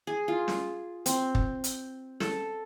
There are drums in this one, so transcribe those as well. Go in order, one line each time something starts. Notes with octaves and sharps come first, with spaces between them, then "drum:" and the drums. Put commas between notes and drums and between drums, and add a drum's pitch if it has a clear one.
G#4
F4
drum: snare
C4, drum: hi-hat
drum: kick
drum: hi-hat
A4, drum: snare